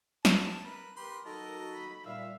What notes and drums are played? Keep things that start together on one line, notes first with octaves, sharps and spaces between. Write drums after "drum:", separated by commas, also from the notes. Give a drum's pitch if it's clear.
A5, drum: snare
A#4 B4
G4 A#4 B4 C6
F#3 D#4 F#4 A4 D#5 A5
B5
A#2 G3 E5 F5 E6